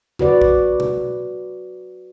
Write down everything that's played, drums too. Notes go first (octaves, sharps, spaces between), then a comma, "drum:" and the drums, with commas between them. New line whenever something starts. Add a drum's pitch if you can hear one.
F#4 B4 D5, drum: tom C#3
drum: kick A#1
drum: tom B2